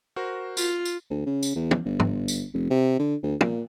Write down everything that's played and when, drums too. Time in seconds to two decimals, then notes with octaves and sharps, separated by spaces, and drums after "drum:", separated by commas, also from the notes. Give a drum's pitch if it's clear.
0.16 F#4 A#4 C5
0.57 F4, drum: tambourine
0.85 drum: tambourine
1.10 D2
1.26 C#3
1.43 drum: tambourine
1.56 E2
1.71 drum: tom
1.85 G1
2.00 drum: tom
2.28 drum: tambourine
2.53 F1
2.70 C3
2.99 D3
3.23 D2
3.41 A#2, drum: tom